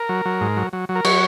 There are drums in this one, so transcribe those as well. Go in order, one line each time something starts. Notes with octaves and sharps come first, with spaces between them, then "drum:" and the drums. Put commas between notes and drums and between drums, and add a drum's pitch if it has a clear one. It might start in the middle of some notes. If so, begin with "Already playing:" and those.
Already playing: A#4
F#3
F#3
G#2
F#3
F#3
F#3
A#4
F#3 C#5, drum: cymbal